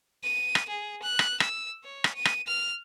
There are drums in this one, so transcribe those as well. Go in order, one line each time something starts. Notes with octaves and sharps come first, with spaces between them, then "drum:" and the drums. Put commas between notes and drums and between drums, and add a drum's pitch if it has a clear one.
D#7
drum: rim click
G#4
F#6
drum: rim click
E6, drum: rim click
C#5
drum: rim click
D#7
drum: rim click
F6